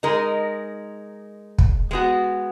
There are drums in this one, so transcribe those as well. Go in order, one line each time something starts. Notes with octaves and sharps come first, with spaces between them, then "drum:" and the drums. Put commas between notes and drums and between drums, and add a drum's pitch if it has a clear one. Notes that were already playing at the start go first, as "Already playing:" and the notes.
G#3 D#4 A#4
drum: kick
G#3 B3 F#4